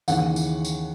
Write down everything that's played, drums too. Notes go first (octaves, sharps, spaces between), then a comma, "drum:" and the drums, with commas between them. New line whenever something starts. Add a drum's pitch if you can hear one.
D#2 C#3 E3 F#5, drum: tambourine
drum: tambourine
drum: tambourine